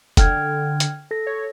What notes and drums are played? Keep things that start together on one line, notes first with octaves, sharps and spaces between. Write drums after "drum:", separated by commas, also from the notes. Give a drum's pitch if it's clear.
D3 G5 F6 G#6, drum: kick, hi-hat
drum: hi-hat
A4 A#6
C#5